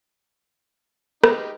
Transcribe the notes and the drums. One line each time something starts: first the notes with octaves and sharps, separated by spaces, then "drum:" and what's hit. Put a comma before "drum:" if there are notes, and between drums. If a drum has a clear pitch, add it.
G#3 D#4 G4 B4 B5, drum: rim click